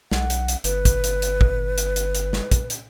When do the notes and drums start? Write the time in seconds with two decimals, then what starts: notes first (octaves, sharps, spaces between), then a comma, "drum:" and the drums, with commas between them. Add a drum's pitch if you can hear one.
0.11 B1 F#5, drum: snare
0.30 drum: hi-hat
0.48 drum: hi-hat
0.64 G1 B4, drum: hi-hat
0.85 drum: kick, hi-hat
1.04 drum: hi-hat
1.22 drum: hi-hat
1.41 drum: kick
1.78 drum: hi-hat
1.96 drum: hi-hat
2.15 drum: hi-hat
2.33 drum: snare
2.51 drum: kick, hi-hat
2.70 drum: hi-hat